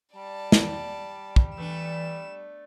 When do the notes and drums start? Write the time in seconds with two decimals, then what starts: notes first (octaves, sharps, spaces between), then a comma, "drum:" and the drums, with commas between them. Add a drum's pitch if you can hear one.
0.15 G3 D5 A5
0.52 drum: snare
1.36 drum: kick
1.57 E3 A3 B3 D4 E7